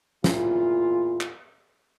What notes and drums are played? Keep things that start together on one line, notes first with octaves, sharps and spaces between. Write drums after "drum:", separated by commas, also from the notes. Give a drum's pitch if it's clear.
E2 A#2 E4 F4, drum: snare
drum: clap